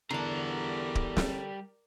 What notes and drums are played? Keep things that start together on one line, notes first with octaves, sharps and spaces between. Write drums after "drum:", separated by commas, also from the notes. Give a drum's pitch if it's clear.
E2 D3 G3 A#4 D5 A5 A#5
drum: kick D1
drum: snare